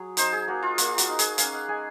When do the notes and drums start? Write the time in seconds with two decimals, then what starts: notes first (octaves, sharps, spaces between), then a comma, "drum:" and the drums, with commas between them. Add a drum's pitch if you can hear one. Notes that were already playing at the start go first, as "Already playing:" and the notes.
Already playing: F#3 G#4
0.17 D#4 C5, drum: hi-hat
0.33 G#4
0.48 A#3 F#4
0.63 F4
0.78 A#3 F4, drum: hi-hat
0.98 F#4, drum: hi-hat
1.08 D#4
1.19 G#4, drum: hi-hat
1.38 C#4 F5, drum: hi-hat
1.53 F#5
1.68 G#3 G#5